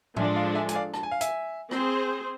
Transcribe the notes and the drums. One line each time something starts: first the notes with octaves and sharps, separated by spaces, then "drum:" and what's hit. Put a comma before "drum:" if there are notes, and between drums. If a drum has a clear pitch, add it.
F3 G#3 D4 A4 E5 G#5, drum: tom A2
D5 F5
E5 G#5
G#5, drum: hi-hat
D5 F5
A5, drum: rim click
G#5
F5
E5 G#5, drum: hi-hat
C4 G#4 C5, drum: rim click